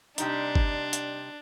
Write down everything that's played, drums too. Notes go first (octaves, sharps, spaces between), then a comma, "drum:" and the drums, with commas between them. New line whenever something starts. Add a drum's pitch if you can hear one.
C3 G3 D4 D#4, drum: hi-hat
drum: kick G1
drum: hi-hat